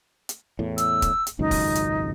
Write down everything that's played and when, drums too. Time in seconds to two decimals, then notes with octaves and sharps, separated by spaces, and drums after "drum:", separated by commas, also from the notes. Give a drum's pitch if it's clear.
0.29 drum: hi-hat
0.59 E2 A2
0.78 E6, drum: hi-hat
1.02 drum: kick, hi-hat
1.27 drum: hi-hat
1.39 G#1 C#2 F#2 D#4
1.51 drum: kick, open hi-hat
1.75 drum: hi-hat